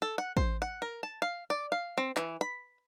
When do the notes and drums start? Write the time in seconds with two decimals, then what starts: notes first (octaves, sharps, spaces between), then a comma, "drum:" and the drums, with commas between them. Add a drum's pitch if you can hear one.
0.02 A4
0.18 F#5
0.37 C5, drum: kick
0.62 F#5
0.82 A#4
1.03 A5
1.22 F5
1.50 D5
1.72 F5
1.98 C4
2.16 E3, drum: clap
2.41 B5